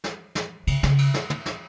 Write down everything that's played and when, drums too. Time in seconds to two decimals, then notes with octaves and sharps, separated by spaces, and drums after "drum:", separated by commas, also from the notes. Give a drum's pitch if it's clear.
0.04 drum: snare
0.35 drum: snare
0.67 C#3, drum: cymbal
0.83 C#3, drum: snare
0.98 drum: cymbal
1.14 drum: snare
1.30 drum: tom
1.46 drum: snare